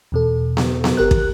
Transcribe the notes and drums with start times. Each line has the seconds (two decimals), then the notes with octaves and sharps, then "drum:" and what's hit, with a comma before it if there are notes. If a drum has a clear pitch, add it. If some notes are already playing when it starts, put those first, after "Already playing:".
0.12 E2 B2 A4
0.57 drum: snare B3
0.84 drum: snare B3
0.97 G1 G4 A#4 F#6
1.11 drum: kick